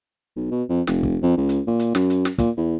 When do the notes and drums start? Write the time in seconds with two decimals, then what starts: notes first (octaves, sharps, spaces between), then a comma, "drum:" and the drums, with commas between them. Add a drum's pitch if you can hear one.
0.36 B1
0.51 B2
0.69 F2
0.87 F1, drum: snare
1.03 drum: kick
1.23 F2
1.37 C#2
1.49 drum: hi-hat
1.68 A#2
1.79 drum: hi-hat
1.95 F#2, drum: snare
2.10 drum: hi-hat
2.25 drum: snare
2.38 A#2, drum: kick, hi-hat
2.57 E2